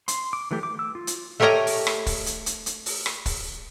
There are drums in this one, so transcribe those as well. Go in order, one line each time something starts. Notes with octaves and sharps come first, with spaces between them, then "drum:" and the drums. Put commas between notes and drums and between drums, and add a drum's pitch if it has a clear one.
C6, drum: hi-hat
D6
E3 F#3 A3 G4
D6
E6
F4
drum: hi-hat
A3 G4 A#4 C#5 D#5 A#5
drum: open hi-hat
drum: rim click
drum: kick, open hi-hat
drum: hi-hat
drum: hi-hat
drum: hi-hat
drum: open hi-hat
drum: rim click
drum: kick, open hi-hat